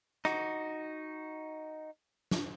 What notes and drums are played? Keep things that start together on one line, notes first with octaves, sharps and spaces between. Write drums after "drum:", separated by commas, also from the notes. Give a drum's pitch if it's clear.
D#4 F#4, drum: rim click
drum: snare